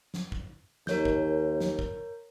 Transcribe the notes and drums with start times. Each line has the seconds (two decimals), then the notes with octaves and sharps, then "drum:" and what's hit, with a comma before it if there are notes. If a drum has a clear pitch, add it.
0.14 drum: snare
0.32 drum: kick
0.87 D#2 A#4 C#5 G6, drum: snare
1.05 drum: kick
1.60 drum: snare
1.79 drum: kick